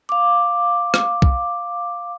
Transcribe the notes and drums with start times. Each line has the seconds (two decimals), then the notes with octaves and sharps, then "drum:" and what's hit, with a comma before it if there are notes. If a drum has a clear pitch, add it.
0.09 F5 D6
0.94 drum: rim click
1.22 drum: kick C2